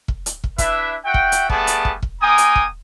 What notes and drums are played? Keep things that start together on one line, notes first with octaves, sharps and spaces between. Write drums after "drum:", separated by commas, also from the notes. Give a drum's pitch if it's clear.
drum: kick
drum: hi-hat
drum: kick
D4 E4 B4 E5, drum: kick, hi-hat
F#4 E5 F#5 G5
drum: kick
drum: hi-hat
G3 A3 B3 G#4 D5 A5, drum: kick
drum: hi-hat
drum: kick
drum: kick
A#3 G5 G#5 A#5 D#6
drum: hi-hat
drum: kick